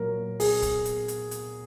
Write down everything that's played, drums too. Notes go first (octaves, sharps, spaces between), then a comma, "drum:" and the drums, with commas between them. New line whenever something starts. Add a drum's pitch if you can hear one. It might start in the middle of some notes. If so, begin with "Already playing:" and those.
Already playing: A#2 F#3 A#4
G#4, drum: open hi-hat
drum: kick, hi-hat
drum: hi-hat
drum: hi-hat
drum: hi-hat